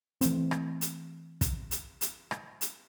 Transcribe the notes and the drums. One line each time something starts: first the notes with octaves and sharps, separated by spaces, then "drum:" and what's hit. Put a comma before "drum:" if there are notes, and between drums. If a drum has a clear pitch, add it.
E3 A3 C4, drum: hi-hat
drum: rim click
drum: hi-hat
drum: kick, hi-hat
drum: hi-hat
drum: hi-hat
drum: rim click
drum: hi-hat